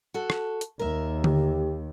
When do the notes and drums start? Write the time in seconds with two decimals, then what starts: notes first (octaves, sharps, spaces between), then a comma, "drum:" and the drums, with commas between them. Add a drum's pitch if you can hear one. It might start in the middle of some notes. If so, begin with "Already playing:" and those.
0.14 F#4 A4
0.30 drum: rim click
0.61 drum: hi-hat
0.79 D#2 A#4 E5
1.24 G4, drum: tom D3